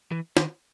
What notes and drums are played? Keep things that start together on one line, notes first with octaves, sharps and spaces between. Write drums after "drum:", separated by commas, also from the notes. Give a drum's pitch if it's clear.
E3
D#3, drum: snare